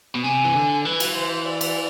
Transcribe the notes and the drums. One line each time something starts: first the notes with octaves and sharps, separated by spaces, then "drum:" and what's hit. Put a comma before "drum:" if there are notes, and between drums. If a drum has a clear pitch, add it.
B2
C3 G#5
E3
D3
E3 B4
drum: cymbal
C5
D5
drum: cymbal